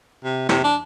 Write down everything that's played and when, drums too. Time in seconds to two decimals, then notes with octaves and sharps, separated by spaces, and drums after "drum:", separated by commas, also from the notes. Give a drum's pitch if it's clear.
0.24 C3
0.49 C3, drum: snare
0.64 D4